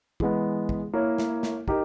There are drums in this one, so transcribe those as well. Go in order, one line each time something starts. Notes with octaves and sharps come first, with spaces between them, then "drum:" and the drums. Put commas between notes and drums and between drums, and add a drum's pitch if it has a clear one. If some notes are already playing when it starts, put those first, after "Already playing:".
E3 G#3 B3, drum: kick
drum: kick
A#3 E4 A#4 C#5
drum: snare
drum: snare
D#4 G4 A#4, drum: kick